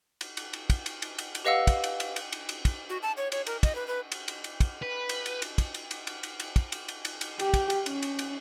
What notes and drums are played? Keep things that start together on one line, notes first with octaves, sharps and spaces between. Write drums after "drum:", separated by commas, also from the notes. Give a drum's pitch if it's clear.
drum: cymbal
drum: cymbal
drum: cymbal
drum: kick, cymbal
drum: cymbal
drum: cymbal
drum: cymbal
drum: cymbal
G4 B4 D#5 F5 F#5 E6
drum: kick, cymbal
drum: cymbal
drum: cymbal
drum: cymbal
drum: cymbal
drum: cymbal
drum: kick, cymbal
F#4
A5
C#5
C#5, drum: cymbal
A#4, drum: cymbal
D#5, drum: kick, cymbal
B4
B4
drum: cymbal
drum: cymbal
drum: cymbal
drum: kick, cymbal
B4
drum: cymbal
drum: cymbal
drum: cymbal
drum: kick, cymbal
drum: cymbal
drum: cymbal
drum: cymbal
drum: cymbal
drum: cymbal
drum: kick, cymbal
drum: cymbal
drum: cymbal
drum: cymbal
drum: cymbal
G4, drum: cymbal
drum: kick, cymbal
drum: cymbal
C#4, drum: cymbal
drum: cymbal
drum: cymbal